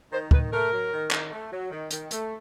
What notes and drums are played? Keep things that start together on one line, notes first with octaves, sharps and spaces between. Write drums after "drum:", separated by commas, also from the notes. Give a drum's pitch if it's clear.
D#3 C5
D#3 B4, drum: kick
A3 A#4
F#3
D#3
D#3, drum: clap
A3
F#3
D#3
D#3, drum: hi-hat
A3, drum: hi-hat